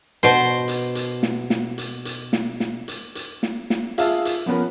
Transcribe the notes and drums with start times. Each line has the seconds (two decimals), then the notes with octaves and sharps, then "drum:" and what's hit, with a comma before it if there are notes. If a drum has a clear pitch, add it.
0.23 B2 C5
0.68 drum: hi-hat
0.95 drum: hi-hat
1.23 drum: snare
1.50 drum: snare
1.78 drum: hi-hat
2.05 drum: hi-hat
2.33 drum: snare
2.60 drum: snare
2.88 drum: hi-hat
3.15 drum: hi-hat
3.43 drum: snare
3.70 drum: snare
3.98 F4 G#4 E5 F5 A5, drum: hi-hat
4.25 drum: hi-hat
4.46 F3 B3 C#4 A#4 B4